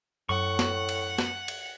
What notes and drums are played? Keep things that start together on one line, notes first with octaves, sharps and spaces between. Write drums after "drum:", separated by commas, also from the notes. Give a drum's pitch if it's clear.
F#2 A2 F#5 C#6
drum: snare
drum: cymbal
drum: snare
drum: cymbal